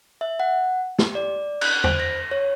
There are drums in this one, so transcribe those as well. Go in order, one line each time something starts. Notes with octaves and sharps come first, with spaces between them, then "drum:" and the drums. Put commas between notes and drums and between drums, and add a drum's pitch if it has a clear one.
E5
F#5
G4, drum: snare
D5
F#6, drum: cymbal
C5, drum: tom E2
A#6
C#5